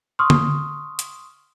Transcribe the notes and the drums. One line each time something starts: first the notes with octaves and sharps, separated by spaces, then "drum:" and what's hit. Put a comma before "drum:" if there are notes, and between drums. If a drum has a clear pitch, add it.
C6 C#6 D#6 F6
drum: tom
drum: hi-hat